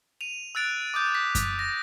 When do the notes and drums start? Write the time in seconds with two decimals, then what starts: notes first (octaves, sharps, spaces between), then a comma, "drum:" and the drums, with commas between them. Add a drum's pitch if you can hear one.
0.21 D#7 F7
0.55 E6 F#6 A6 D7 F7
0.94 D6 D#6 G6
1.15 B6
1.35 drum: kick F#2, hi-hat
1.59 A#6